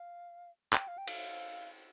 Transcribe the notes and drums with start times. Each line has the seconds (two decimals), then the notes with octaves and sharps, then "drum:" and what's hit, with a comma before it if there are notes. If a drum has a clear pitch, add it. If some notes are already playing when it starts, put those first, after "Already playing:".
Already playing: F5
0.73 G5, drum: clap
0.88 F5
0.98 G5
1.08 F5, drum: cymbal